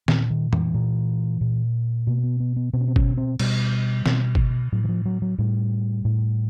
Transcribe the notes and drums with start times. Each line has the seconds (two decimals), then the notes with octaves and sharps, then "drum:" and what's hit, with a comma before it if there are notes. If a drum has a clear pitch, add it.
0.08 A#2 D#3, drum: snare
0.30 D#3
0.53 E3, drum: tom
0.74 A#2
1.41 A#2
2.07 B2 A#3
2.23 B3
2.40 B3
2.56 B3
2.73 B2 C4
2.81 C#4
2.88 C4
2.96 C#4, drum: kick
3.17 C4
3.39 B2 G3, drum: cymbal
4.06 B2, drum: snare
4.35 drum: kick
4.72 A2 F#3
4.84 E3
4.89 F3
5.05 F#3
5.22 F#3
5.38 A2 G3
6.05 A2